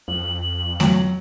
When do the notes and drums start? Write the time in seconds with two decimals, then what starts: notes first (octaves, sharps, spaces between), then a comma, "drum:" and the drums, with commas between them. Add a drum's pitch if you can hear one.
0.08 F2 F#7
0.80 F#3, drum: snare A3